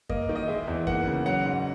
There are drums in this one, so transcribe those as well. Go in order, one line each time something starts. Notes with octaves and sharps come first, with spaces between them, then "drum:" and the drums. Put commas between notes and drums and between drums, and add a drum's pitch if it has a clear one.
A#3 D#5, drum: kick F#2
D#3
D#5
G#3 E5
E2
A#3 F#5, drum: kick F#2
C#3
F#3 F#5
G#2